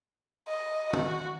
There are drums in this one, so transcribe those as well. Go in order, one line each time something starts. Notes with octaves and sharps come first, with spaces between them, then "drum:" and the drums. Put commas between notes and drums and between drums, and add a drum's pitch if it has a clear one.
D#5
F#4, drum: tom